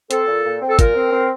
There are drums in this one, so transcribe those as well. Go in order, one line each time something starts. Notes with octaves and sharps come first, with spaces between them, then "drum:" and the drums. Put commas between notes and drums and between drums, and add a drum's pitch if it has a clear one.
C4 A4, drum: hi-hat
A#2
A#2
C4
A4
A#2 A#4, drum: kick, hi-hat
C4
C4